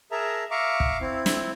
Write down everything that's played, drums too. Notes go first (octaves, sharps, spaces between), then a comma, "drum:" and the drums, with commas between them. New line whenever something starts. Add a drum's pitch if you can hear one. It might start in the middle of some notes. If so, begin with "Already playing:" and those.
G#4 A#4 E5 A5 A#5
E5 F5 A#5 C#6 D6
drum: kick
C4 E4
drum: snare